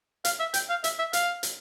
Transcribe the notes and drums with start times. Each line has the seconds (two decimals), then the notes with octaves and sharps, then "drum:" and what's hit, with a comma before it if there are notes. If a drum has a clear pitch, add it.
0.25 F5, drum: hi-hat
0.39 E5
0.54 G5, drum: hi-hat
0.69 F5
0.84 E5, drum: hi-hat
0.99 E5
1.13 F5, drum: hi-hat
1.43 drum: hi-hat